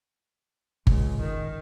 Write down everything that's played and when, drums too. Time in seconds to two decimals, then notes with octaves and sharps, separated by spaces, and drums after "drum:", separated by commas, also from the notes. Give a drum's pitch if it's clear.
0.87 C#2, drum: kick G1
1.21 D#3